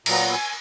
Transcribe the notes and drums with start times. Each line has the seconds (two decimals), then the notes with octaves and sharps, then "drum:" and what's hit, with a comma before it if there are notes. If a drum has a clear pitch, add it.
0.06 A#2 F#3 B3 A#5, drum: cymbal
0.33 G#5